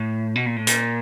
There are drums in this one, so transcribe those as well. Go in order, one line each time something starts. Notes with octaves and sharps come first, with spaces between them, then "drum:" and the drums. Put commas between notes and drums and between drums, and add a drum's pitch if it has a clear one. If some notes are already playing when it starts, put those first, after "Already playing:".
Already playing: A2
B2
A#2
A2
A#2, drum: hi-hat